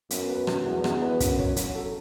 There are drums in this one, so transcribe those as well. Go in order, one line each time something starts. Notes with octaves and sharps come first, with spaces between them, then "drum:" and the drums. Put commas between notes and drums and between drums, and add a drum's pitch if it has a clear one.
F#2 B3, drum: hi-hat
B4
F#3, drum: rim click
E2 F#4
B3, drum: rim click
B4
F#2 C#4, drum: kick, hi-hat
C#5, drum: kick
F#3, drum: hi-hat
A4